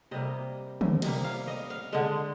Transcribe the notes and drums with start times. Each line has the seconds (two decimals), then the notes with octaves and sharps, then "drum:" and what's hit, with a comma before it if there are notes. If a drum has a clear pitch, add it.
0.11 C3 G3 A#3 D#5
0.81 drum: tom D3
1.02 C3 G3 A#3 D#5, drum: cymbal
1.24 F5
1.48 D#5
1.70 F5
1.93 D3 G#3 D#5